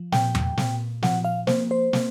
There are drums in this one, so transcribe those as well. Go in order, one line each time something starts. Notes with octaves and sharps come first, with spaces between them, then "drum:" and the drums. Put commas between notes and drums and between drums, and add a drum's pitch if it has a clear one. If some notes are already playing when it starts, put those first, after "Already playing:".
Already playing: F3
A#2 G5, drum: snare
drum: tom E2
A#2, drum: snare
F3 F#5, drum: snare
F5
A#3 C5, drum: snare
C5
A#3, drum: snare